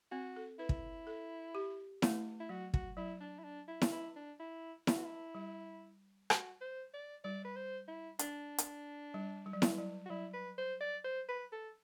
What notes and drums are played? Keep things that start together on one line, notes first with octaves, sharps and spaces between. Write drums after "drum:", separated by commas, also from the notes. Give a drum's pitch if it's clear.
C4 F#4
A4
E4 B4
drum: kick
A4
G4
A3, drum: snare E4
E4
F#3 F#4
F#4, drum: kick
F#3 E4
D4
E4
D4
E4
drum: snare E4
E4
D4
E4
E4, drum: snare E4
F#4
E4
G3
F#4, drum: rim click
C5
D5
G3 D5
B4
C5
E4
D4, drum: hi-hat
drum: hi-hat
G3
G3
F#3
G3, drum: snare E4
F#3
F#4
F#3 E4
B4
C5
D5
C5
B4
A4